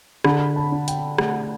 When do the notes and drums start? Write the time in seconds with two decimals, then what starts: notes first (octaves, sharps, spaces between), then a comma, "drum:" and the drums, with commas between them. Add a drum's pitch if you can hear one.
0.24 D3 B5, drum: rim click
0.56 A5
0.72 D4
0.88 G5, drum: hi-hat
1.18 A3 F#5, drum: rim click